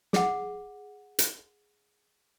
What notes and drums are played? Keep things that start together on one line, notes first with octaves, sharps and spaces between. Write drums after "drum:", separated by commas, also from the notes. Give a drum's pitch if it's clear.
G#4 F#5, drum: snare
drum: hi-hat